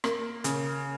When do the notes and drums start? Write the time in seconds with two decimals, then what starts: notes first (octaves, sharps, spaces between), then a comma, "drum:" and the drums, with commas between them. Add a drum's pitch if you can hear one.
0.04 A#3, drum: rim click
0.44 C#3, drum: hi-hat